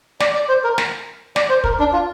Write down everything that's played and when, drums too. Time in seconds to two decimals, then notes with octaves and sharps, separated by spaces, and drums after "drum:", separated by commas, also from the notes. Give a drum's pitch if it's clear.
0.20 D5, drum: snare
0.34 D5
0.49 C5
0.64 A#4
0.78 drum: snare
1.36 D5, drum: snare
1.49 C5
1.64 A#4, drum: kick
1.79 D4
1.93 F4